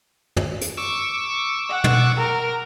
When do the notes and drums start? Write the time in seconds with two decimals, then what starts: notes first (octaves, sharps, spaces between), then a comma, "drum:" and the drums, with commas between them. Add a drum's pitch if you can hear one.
0.36 drum: tom
0.61 drum: hi-hat
0.77 C#6 D6 E6
1.69 F#5
1.84 drum: tom
2.16 A#4